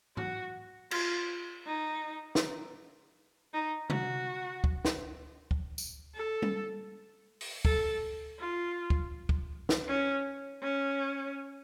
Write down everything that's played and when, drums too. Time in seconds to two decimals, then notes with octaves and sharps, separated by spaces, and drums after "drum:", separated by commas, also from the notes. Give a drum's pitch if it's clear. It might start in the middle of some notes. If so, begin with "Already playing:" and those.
0.17 F#4, drum: tom G#2
0.91 F4, drum: cymbal
1.66 D#4
2.35 drum: snare
3.54 D#4
3.90 F#4, drum: tom C3
4.64 drum: kick
4.85 drum: snare
5.51 drum: kick
5.78 drum: tambourine
6.14 A4
6.42 drum: tom G3
7.41 drum: open hi-hat
7.65 A4, drum: kick
8.39 F4
8.90 drum: kick
9.29 drum: kick
9.69 drum: snare
9.88 C#4
10.62 C#4